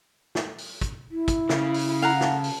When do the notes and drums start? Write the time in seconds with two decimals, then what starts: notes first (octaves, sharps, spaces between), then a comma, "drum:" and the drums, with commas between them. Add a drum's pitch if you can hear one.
0.35 drum: snare
0.58 drum: open hi-hat
0.81 drum: kick, hi-hat
1.11 E4
1.28 drum: kick, hi-hat
1.49 C#3, drum: snare
1.74 drum: open hi-hat
2.02 F5 F#5 A#5
2.21 A5, drum: snare
2.44 drum: open hi-hat